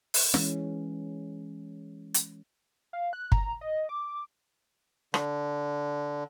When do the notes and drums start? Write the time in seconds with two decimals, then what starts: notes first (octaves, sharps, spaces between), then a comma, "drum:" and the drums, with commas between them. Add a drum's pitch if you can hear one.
0.14 drum: open hi-hat
0.34 E3 G#3 C#4, drum: snare
2.14 drum: hi-hat
2.93 F5
3.13 F#6
3.32 A#5, drum: kick
3.61 D#5
3.89 D6
5.14 D3, drum: rim click